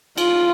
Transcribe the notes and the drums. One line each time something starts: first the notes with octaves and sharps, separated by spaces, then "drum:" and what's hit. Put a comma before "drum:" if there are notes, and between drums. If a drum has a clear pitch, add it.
F4, drum: cymbal